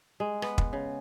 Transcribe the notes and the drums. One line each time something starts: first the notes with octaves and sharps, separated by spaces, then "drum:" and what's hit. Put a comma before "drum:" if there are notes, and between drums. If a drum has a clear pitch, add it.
G#3
B3, drum: rim click
drum: kick
C#3